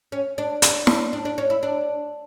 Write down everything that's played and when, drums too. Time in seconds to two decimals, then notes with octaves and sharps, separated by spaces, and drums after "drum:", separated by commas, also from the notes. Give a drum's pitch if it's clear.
0.12 C#4
0.38 D4
0.62 D4, drum: hi-hat
0.87 D4, drum: snare
1.13 D4
1.25 D4
1.38 C#4
1.50 E4
1.63 D4